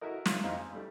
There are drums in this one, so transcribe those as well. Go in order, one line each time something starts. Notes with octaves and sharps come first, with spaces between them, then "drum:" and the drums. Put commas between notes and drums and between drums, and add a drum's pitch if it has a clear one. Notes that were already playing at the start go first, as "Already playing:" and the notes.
E4 F#4 A4 A#4 D#5
E4 F4, drum: snare
F2 G#3 D#4 C5 F5 A#5
G#5
G3 A3 D4